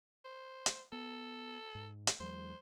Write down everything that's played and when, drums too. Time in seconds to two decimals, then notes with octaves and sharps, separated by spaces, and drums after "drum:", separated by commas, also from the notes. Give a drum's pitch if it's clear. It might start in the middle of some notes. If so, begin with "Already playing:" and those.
0.25 C5
0.66 drum: hi-hat
0.92 B3 A4
1.75 G#2
2.07 drum: hi-hat
2.20 E2 F#3 G#3 C5